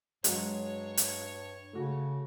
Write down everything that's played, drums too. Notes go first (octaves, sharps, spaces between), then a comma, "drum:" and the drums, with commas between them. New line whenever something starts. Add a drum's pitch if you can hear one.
G2 F#3 G#3 C#5, drum: hi-hat
drum: hi-hat
C#3 A3 F#4